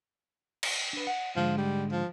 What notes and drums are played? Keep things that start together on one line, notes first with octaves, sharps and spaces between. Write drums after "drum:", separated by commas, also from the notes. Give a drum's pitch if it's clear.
drum: cymbal
D4 B4
F#5
G#2 D3 F3 G#3
G3
F3